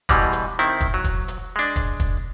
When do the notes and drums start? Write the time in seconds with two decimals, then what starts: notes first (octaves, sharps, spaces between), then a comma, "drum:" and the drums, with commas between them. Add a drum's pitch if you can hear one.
0.09 B2 E3 G3 G#3, drum: kick, hi-hat
0.33 drum: hi-hat
0.59 D#3 C4 E4
0.80 drum: kick, hi-hat
0.94 F#3
1.04 drum: kick, hi-hat
1.28 drum: hi-hat
1.56 G#3 D4
1.76 drum: kick, hi-hat
2.00 drum: kick, hi-hat